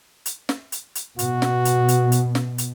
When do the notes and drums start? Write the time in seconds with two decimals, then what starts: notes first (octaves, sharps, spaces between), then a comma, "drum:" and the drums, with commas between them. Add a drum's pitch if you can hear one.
0.26 drum: hi-hat
0.49 drum: snare
0.72 drum: hi-hat
0.95 drum: hi-hat
1.19 B2 F#4, drum: hi-hat
1.42 drum: snare
1.65 drum: hi-hat
1.88 drum: hi-hat
2.12 drum: hi-hat
2.35 drum: snare
2.58 drum: hi-hat